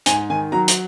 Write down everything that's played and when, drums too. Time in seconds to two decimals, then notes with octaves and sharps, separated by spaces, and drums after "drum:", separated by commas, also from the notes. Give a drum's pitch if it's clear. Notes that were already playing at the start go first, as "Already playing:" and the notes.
0.06 G#2 G#5, drum: hi-hat
0.30 D#3 G#5
0.52 F#3 A#5
0.68 drum: hi-hat